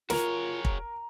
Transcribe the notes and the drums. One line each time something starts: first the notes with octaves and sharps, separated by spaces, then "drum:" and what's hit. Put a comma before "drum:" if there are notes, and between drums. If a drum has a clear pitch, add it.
F4 F#4 G#4 A#4 C#5, drum: snare
A#5, drum: kick